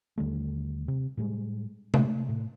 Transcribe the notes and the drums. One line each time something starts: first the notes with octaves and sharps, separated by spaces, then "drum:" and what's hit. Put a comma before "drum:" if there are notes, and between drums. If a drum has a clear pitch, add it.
D#2 D3 G3 A3
C3
A2 G3 G#3
A3, drum: tom C3
A2